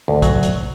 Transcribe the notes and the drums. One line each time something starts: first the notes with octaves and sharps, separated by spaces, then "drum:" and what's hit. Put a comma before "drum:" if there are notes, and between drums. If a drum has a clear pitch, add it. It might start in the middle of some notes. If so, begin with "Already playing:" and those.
D2
F#3, drum: kick, hi-hat
drum: hi-hat